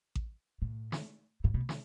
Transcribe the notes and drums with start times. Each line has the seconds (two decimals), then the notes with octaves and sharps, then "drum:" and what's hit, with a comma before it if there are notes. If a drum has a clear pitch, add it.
0.16 drum: kick A1
0.62 A2
0.92 drum: snare
1.44 A2
1.54 B2
1.69 drum: snare